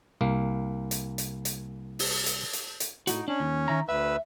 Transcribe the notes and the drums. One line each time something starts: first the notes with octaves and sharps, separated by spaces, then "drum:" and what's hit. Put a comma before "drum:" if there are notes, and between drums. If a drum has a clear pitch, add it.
C2 A#3
drum: hi-hat
drum: hi-hat
drum: hi-hat
drum: open hi-hat
drum: hi-hat
drum: hi-hat
drum: hi-hat
A2 D#4 F#4, drum: hi-hat
C#4 D4
D#2
D#3 E5 A#5
D2 B4 E5 E6